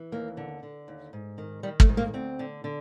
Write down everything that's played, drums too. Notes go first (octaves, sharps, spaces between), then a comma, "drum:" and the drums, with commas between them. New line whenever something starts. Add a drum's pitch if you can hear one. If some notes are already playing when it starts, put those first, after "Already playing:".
Already playing: E3
D#2 A#3
D3
D3
D#2
G#2
D#3
D#3 G3
A3, drum: kick
G#2
A#3
D2 C4
D3
D3